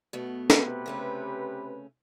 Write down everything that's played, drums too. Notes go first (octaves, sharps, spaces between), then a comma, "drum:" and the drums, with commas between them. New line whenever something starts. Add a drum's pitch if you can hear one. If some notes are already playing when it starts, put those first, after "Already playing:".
B2 A3 B3
C3 G4 B4, drum: snare
C#3 A3 C#4